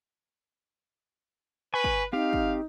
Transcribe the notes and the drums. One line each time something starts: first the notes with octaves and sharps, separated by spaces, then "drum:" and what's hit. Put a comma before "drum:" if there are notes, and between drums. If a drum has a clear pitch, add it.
B4 G#5 C#6
drum: kick
C4 D#4 G4 F5
drum: kick